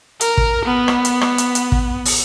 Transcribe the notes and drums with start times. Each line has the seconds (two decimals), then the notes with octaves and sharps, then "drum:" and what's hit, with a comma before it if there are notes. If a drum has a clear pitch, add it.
0.21 A#4, drum: hi-hat
0.37 drum: kick
0.65 B3
0.88 drum: rim click
1.05 drum: hi-hat
1.21 drum: rim click
1.38 drum: hi-hat
1.55 drum: hi-hat
1.72 drum: kick
2.05 drum: open hi-hat